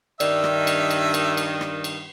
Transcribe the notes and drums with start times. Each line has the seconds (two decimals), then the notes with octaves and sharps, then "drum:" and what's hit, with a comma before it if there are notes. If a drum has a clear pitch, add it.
0.20 G2 D#3 D5 E5, drum: cymbal
0.44 drum: rim click
0.67 drum: cymbal
0.91 drum: cymbal
1.14 drum: cymbal
1.37 drum: cymbal
1.61 drum: rim click
1.84 drum: cymbal